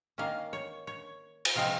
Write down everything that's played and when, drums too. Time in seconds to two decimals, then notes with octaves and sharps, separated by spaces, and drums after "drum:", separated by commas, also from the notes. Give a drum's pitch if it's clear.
0.18 D#3 A#3 C#4 F5
0.53 C#5
0.87 C#5
1.45 drum: cymbal
1.56 C3 F3 G#3 C4 F5